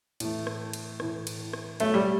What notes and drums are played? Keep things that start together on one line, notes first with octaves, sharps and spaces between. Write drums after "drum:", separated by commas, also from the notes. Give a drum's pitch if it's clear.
A2 E3 A3, drum: cymbal
drum: rim click
drum: cymbal
A2 E3 A3, drum: rim click
drum: cymbal
drum: rim click
B2 F#3 A3 C#4 G4 C#5, drum: cymbal
G3